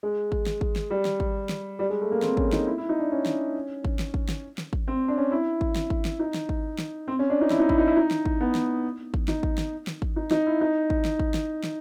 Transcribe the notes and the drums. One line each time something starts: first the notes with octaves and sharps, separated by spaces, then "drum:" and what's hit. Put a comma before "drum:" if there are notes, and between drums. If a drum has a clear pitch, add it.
G#3
drum: kick G#1
drum: snare
drum: kick G#1
drum: snare
G3
drum: snare
drum: kick G#1
drum: snare
G3
G#3
A3
A#3
C4, drum: snare
C#4, drum: kick G#1
D#4, drum: snare
E4
E4
D#4
D4
C#4
drum: snare
drum: kick G#1
drum: snare
drum: kick G#1
drum: snare
drum: snare
drum: kick G#1
C4
D4
C#4
E4
drum: kick G#1
drum: snare
drum: kick G#1
drum: snare
D#4
drum: snare
drum: kick G#1
drum: snare
C4
C#4
D4
D#4
E4, drum: snare
D#4
E4, drum: kick G#1
D#4
E4
D#4
drum: snare
drum: kick G#1
B3
drum: snare
drum: kick G#1
D#4, drum: snare
drum: kick G#1
drum: snare
drum: snare
drum: kick G#1
D#4
D#4, drum: snare
E4
D#4
drum: kick G#1
drum: snare
drum: kick G#1
drum: snare
drum: snare